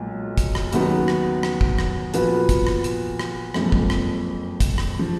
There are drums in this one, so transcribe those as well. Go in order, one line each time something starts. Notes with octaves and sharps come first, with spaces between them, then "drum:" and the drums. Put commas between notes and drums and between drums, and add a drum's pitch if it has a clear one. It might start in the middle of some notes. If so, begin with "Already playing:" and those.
Already playing: B1 A#2 G#3
drum: kick, hi-hat
drum: rim click
D#2 C#3 F#3 B3 D#4, drum: hi-hat
drum: rim click
drum: rim click
drum: kick
drum: rim click
A#2 F3 B3 F#4 B4, drum: hi-hat
drum: kick, hi-hat
drum: rim click
drum: hi-hat
drum: rim click
F#1 F2 F3 G#3, drum: rim click
drum: kick
drum: rim click
drum: kick, hi-hat
drum: rim click
F3